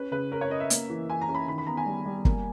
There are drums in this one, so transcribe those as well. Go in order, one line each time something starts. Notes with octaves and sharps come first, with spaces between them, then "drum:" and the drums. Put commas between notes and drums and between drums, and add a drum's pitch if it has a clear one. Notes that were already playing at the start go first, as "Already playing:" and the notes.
Already playing: C#4 B4
C#3 B4
C#4 A#4
C#5
C#4 D#5
E5
A#3, drum: hi-hat
E3
E3 G#5
A#5
C#4
B5
D#3 B5
B5
B3 A#5
G#5
G3
G3
A#3, drum: kick F#1